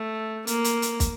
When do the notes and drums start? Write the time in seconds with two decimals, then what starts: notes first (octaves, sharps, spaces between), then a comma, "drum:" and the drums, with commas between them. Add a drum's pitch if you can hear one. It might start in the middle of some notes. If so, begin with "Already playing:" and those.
Already playing: A3
0.47 A#3, drum: hi-hat
0.64 drum: hi-hat
0.82 drum: hi-hat
1.00 drum: kick, hi-hat